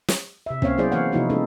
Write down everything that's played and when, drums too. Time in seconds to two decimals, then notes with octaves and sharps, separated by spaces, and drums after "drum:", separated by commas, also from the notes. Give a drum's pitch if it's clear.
0.08 drum: snare
0.46 C3 E5
0.62 A#3 C4 C#4 C#5 F5, drum: kick
0.78 F#3 B3 E4 G#4 C5 D5
0.92 E3 A#3 C#5 F5 F#5
1.12 C3 F3 B3 D#4 E4 F#4
1.30 G#3 A#3 C#4 D#4 A4